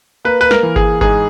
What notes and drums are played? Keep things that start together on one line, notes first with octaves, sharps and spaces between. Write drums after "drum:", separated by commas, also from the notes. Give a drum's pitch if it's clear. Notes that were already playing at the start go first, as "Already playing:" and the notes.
A#3 B4
B4
A#4, drum: snare
E3
G#4, drum: kick G1
G#2 G#4, drum: kick G1